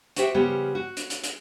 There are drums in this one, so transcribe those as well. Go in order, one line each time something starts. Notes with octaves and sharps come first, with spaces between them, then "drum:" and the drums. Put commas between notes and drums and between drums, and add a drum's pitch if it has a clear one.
F#4 G4 C5 E5 G5, drum: hi-hat
C#3 F3 G3 B3 G4
F#4
drum: hi-hat
drum: hi-hat
drum: hi-hat